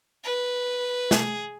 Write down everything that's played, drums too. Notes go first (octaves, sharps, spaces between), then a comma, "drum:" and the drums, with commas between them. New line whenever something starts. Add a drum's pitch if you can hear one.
B4
G#4, drum: snare